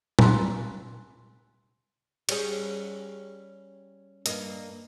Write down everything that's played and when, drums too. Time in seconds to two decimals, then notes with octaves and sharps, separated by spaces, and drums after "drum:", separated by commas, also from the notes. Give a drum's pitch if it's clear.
0.19 G#5 A#5 C6 E6 F#6, drum: tom A#2
2.29 G3 C#4 G#4, drum: cymbal
4.26 G2 A#3 D#5, drum: hi-hat